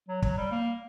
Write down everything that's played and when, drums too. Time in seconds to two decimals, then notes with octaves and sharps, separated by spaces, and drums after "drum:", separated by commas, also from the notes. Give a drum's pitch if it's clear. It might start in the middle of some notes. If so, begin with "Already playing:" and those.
0.08 F#3
0.22 F#3, drum: kick
0.37 G3
0.51 A#3